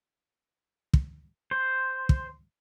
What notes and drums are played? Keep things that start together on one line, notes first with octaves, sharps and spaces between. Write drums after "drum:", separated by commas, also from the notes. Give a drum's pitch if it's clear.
drum: kick
C5
drum: kick